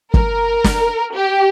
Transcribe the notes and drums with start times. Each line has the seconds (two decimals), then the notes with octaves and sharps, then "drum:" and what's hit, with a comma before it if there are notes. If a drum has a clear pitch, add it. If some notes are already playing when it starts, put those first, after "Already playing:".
0.14 A#4, drum: kick
0.64 drum: snare
1.15 G4